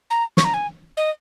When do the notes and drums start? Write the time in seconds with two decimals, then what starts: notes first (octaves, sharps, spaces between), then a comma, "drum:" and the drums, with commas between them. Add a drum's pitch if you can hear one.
0.10 A#5
0.37 C#6, drum: snare
0.44 A#5
0.54 G#5
0.97 D#5